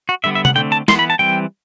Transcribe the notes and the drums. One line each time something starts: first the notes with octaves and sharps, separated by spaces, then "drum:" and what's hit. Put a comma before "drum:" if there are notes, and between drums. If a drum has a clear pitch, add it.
F#4
D3 G3 B3 E5
E5
F#5, drum: tom C3
D3 A3 C4 G5
A5
E3 B3 C6, drum: snare
B5
A5
E3 G3 C4 G5